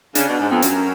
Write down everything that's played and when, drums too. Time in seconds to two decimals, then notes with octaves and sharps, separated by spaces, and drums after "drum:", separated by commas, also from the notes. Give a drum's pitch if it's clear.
0.15 C#3 D4, drum: hi-hat
0.27 B2
0.39 G#2
0.51 F2 B3
0.62 F#2 C#4, drum: hi-hat